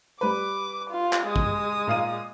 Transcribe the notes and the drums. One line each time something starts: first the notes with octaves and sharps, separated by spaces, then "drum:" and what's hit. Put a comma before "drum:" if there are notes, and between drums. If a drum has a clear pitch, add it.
G3 B4 D6
F4
drum: clap
G#3 D#6
drum: kick
A#2 F5 D#7